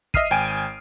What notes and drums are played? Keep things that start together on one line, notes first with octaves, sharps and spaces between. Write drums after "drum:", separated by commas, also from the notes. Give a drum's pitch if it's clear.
D#5 E5 D#6 F6 C7 D#7, drum: kick
G#1 G5 G#5 D7